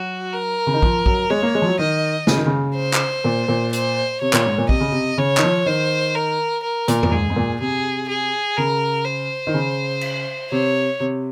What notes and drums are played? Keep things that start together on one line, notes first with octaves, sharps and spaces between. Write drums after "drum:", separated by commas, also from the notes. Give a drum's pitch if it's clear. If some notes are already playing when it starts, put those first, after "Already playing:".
Already playing: F#3 F#4
A#4
C#3
D#3
F3, drum: kick
F#3, drum: kick
G#3 C#5
A#3
G#3
F3
F#3
D#3 D#5
C#3, drum: snare
D#3
C#3
C5
drum: clap
A#2
A#2
C5, drum: hi-hat
C3 C#5
A#2, drum: clap
G#2
A#2
C3 D#5, drum: kick
C#3
C3
C#3 C#5
D#3, drum: clap
F3
D#3 C5
A#4
A#4
A#2, drum: hi-hat
A#2, drum: tom E2
G#2 G#4
G#2
A#2
C3 G#4
G#4
C#3 A#4
C5
D#3
C#3
drum: cymbal
C3 C#5
C3